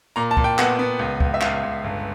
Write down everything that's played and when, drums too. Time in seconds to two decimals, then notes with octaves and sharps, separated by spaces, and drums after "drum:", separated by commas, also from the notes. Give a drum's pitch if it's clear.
0.16 A#2 A#5
0.31 A5
0.37 A#2, drum: kick
0.44 G5
0.58 B3 F#5, drum: clap
0.79 B3
0.99 C#2
1.20 C#2, drum: kick
1.34 E5
1.41 C#2 F5, drum: clap
1.63 C#2
1.84 G1